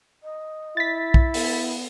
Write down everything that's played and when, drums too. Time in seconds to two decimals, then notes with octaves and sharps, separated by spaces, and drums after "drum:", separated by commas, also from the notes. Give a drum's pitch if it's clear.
0.23 D#5
0.77 E4 A6 B6
1.14 drum: kick
1.34 B3, drum: open hi-hat